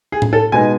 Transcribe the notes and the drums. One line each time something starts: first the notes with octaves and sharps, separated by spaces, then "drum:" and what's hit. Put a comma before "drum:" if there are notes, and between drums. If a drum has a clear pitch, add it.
G#4
drum: tom A2
A4
B2 G#3 B3 D#4 G#5